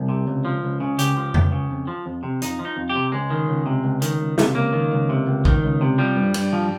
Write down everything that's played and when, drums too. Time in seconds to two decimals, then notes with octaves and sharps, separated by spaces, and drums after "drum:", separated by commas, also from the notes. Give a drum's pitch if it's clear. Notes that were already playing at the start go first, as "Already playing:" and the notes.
Already playing: C2
0.09 C3
0.27 C#2
0.45 F3
0.63 C#2
0.80 C#3
0.99 C#2 G4, drum: hi-hat
1.17 F3
1.34 C#2, drum: tom F2
1.52 C#3
1.70 F2
1.87 F3
2.06 F2
2.23 C3
2.42 F2 D#4, drum: hi-hat
2.59 F3
2.65 D#4
2.77 F2
2.89 G4
2.95 C3
3.12 C#2 G#3
3.30 D#3
3.48 C#2
3.66 C3
3.83 C#2
4.02 D#3, drum: hi-hat
4.20 C#2
4.38 C3, drum: snare
4.55 C#2 A#3
4.73 D#3
4.92 C#2
5.09 C3
5.26 C#2
5.45 D#3, drum: kick B1
5.63 C#2
5.81 C3
5.98 F3 G3
6.16 G2
6.34 G2, drum: cymbal
6.52 F3